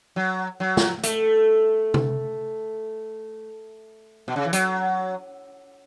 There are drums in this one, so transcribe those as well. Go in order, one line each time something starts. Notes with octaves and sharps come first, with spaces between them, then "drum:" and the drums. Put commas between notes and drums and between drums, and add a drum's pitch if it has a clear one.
F#3
F#3
drum: snare
A3, drum: hi-hat
drum: tom C3
B2
C#3
E3
F#3, drum: hi-hat